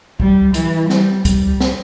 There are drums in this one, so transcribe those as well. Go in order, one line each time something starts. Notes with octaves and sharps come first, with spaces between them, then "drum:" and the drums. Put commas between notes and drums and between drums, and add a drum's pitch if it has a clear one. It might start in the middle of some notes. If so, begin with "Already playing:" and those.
G3, drum: kick
E3, drum: hi-hat
G3, drum: snare
G3, drum: kick, hi-hat
drum: snare